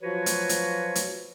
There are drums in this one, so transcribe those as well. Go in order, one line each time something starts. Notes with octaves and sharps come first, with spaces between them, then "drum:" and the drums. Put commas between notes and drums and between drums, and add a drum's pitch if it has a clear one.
F3 F#3 F4 F#4 B4 C#5
drum: hi-hat
drum: hi-hat
drum: hi-hat